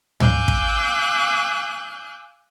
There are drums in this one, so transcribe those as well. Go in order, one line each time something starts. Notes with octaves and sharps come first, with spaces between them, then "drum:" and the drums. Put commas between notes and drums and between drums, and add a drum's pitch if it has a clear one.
F5 G#5 D6 E6 F#6 G6, drum: tom
drum: kick